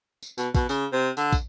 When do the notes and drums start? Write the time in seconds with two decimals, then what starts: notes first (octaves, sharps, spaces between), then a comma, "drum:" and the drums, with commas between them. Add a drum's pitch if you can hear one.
0.23 drum: tambourine
0.38 B2, drum: tambourine
0.55 B2, drum: kick, tambourine
0.69 C#3, drum: tambourine
0.93 C3
1.17 D3, drum: tambourine
1.33 drum: kick, tambourine